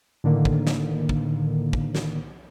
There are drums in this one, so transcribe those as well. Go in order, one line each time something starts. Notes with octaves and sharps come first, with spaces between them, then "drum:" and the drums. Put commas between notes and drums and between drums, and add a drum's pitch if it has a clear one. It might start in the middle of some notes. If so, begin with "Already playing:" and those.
A2 D3 D#3 A#3
drum: kick
drum: snare
drum: kick
drum: kick
drum: snare